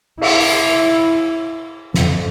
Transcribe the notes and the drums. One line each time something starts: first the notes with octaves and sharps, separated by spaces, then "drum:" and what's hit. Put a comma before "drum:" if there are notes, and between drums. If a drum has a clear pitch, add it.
E4, drum: cymbal
drum: open hi-hat
F2, drum: snare